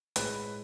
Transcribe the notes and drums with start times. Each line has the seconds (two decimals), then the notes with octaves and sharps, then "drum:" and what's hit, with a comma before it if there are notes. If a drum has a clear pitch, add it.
0.16 A2 G#3 B4, drum: hi-hat